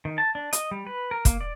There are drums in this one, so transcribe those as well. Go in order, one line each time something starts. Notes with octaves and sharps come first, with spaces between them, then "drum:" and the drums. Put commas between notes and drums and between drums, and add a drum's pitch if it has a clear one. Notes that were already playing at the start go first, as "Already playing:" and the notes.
D#3
A5
D4
D#5, drum: hi-hat
G3
B4
A#4
A#3, drum: kick, hi-hat
D5